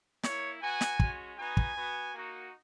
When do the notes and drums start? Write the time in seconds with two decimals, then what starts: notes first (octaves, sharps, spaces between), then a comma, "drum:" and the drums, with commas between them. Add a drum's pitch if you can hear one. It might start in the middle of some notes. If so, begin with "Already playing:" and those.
0.23 A#3 E4 C#5, drum: snare
0.61 B3 F#4 G#5
0.81 drum: snare
1.00 G#3 C#4 F#4, drum: kick
1.38 B3 D#4 F#4 G#5
1.57 drum: kick
1.75 B3 F#4
2.14 A#3 D#4 F#4